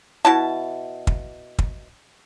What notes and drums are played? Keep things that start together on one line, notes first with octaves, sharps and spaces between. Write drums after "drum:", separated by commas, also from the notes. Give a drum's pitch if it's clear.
B2 E4 A5
drum: kick
drum: kick